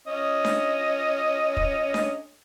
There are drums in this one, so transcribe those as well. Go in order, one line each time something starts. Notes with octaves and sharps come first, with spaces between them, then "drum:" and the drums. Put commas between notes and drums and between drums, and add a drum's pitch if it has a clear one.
C#4 D#5
drum: snare D4
drum: kick
drum: snare D4